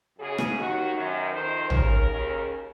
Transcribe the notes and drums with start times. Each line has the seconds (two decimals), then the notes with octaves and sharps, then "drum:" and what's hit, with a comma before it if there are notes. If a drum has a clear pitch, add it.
0.18 F#2 C#3 G#4
0.38 drum: rim click
0.56 D#2 D#3 F#4
0.94 F#2 D#3
1.32 F2 D#3 C5
1.70 D#2 C#3 A#4, drum: tom
2.08 D#2 C#3